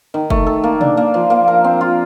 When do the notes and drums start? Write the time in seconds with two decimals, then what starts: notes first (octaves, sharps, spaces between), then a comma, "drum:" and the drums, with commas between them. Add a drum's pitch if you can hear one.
0.14 D#3
0.30 A3, drum: kick
0.46 A4
0.64 A#3
0.81 D4, drum: tom B2
0.97 A#3
1.14 F3
1.30 A#3
1.48 A#4
1.64 C4
1.81 F4